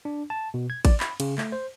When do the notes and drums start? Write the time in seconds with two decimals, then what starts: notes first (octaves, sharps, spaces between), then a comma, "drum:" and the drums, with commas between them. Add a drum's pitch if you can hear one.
0.05 D4
0.30 A5
0.54 B2
0.70 G#6
0.85 D5, drum: kick A1, cymbal
1.00 B5, drum: clap
1.20 C#3, drum: cymbal
1.38 A3, drum: clap
1.52 C5